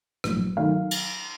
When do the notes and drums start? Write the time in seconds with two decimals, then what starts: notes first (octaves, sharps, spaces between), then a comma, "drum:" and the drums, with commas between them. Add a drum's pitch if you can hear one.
0.24 A#1 A2 F#3, drum: rim click
0.57 D#3 F#3 A3 F5
0.91 drum: cymbal